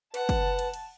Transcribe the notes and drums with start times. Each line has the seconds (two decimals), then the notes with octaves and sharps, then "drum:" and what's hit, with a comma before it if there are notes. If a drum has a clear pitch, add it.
0.14 B4 F#5 A5, drum: cymbal
0.29 drum: kick, cymbal
0.59 drum: cymbal
0.74 drum: cymbal